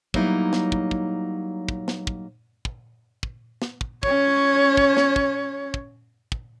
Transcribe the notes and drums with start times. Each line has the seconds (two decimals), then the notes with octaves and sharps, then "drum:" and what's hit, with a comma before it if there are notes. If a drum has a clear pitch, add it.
0.14 F#3 G3 A#3 B3 D#4 E4, drum: kick
0.53 drum: snare
0.72 drum: kick
0.91 drum: kick
1.69 drum: kick
1.88 drum: snare
2.07 drum: kick
2.65 drum: kick
3.23 drum: kick
3.62 drum: snare
3.81 drum: kick
4.03 C#4 C#5, drum: kick
4.77 drum: kick
4.97 drum: snare
5.16 drum: kick
5.74 drum: kick
6.32 drum: kick